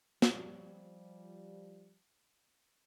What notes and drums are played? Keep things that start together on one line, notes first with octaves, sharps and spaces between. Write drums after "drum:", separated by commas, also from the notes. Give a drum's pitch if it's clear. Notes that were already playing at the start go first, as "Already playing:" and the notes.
F3 G3, drum: snare